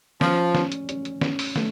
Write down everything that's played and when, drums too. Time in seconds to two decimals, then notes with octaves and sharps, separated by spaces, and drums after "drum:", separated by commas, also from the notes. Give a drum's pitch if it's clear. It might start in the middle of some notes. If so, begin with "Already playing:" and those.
0.21 F3 C#4, drum: snare
0.55 C#4, drum: snare
0.72 drum: hi-hat
0.89 C#4, drum: hi-hat
1.05 drum: hi-hat
1.21 C#4, drum: snare
1.39 drum: open hi-hat
1.56 A3, drum: snare